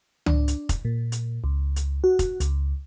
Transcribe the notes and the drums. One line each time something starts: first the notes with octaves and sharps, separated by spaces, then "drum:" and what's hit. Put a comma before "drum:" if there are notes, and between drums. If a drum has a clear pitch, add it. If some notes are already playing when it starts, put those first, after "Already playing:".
D4, drum: tom C#2
drum: hi-hat
drum: kick F1, hi-hat
A#2
drum: hi-hat
C#2
drum: hi-hat
F#4
drum: kick F1, hi-hat
C#2, drum: hi-hat